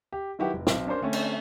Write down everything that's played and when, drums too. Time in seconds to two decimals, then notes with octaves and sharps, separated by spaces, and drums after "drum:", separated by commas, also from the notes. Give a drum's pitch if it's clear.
0.13 G4
0.39 D#3 F#3 E4 F#4 G4 B4
0.54 F1
0.67 B1 C4, drum: snare
0.87 C#4 D4 A#4 C5 C6
1.01 D3 A3 C4 C#4
1.13 drum: cymbal